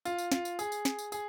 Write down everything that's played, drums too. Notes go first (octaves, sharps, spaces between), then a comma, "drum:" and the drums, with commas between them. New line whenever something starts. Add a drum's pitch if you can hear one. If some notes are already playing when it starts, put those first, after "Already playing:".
F4, drum: tambourine
drum: tambourine
F4, drum: snare
drum: tambourine
G#4, drum: tambourine
drum: tambourine
drum: snare
drum: tambourine
G#4, drum: tambourine